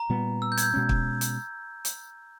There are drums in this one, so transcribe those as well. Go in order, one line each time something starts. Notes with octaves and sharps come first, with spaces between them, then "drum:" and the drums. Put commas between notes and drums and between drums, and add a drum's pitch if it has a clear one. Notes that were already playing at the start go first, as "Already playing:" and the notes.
Already playing: A#5
A#2 G3 B3
E6
G6
G#6, drum: hi-hat
G6
B2 G#3 C#4
drum: kick
drum: hi-hat
drum: hi-hat